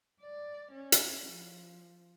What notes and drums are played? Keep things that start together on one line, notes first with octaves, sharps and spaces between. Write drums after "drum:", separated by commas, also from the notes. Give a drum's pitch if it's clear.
D5
C#4
drum: hi-hat
F3